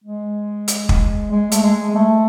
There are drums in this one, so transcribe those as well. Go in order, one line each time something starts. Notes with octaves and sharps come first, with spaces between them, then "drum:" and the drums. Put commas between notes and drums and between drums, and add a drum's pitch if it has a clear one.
G#3
drum: hi-hat
drum: kick
G#3
A3, drum: hi-hat
G#3
G#3
A3